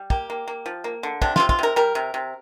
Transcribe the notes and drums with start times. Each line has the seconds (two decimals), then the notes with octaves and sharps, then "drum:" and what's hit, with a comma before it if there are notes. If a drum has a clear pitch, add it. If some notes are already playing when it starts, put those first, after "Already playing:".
Already playing: G3
0.10 A#3 G4, drum: kick
0.30 A#3
0.48 A#3
0.66 F3
0.84 A#3
1.03 D3
1.22 C3 D4, drum: kick
1.36 C3 F4, drum: snare
1.49 F4, drum: kick
1.59 C3 A#4
1.76 G3 A#4
1.95 C3
2.14 C3